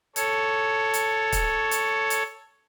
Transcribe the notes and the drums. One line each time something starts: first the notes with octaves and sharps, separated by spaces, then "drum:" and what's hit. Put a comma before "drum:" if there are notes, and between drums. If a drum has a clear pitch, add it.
A4 C#5, drum: hi-hat
drum: hi-hat
drum: kick C#1, hi-hat
drum: hi-hat
drum: hi-hat